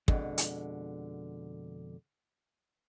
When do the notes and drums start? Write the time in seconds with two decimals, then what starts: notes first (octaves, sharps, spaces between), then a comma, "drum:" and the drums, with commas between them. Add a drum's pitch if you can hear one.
0.08 F2 B2 D3 G#3, drum: kick
0.38 drum: hi-hat